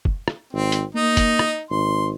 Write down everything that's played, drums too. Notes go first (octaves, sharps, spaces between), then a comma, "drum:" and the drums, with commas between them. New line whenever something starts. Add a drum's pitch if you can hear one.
drum: kick
drum: rim click
G#1 C4
drum: hi-hat
A#3 D#4 D#5
drum: kick, hi-hat
drum: rim click
G#1 C6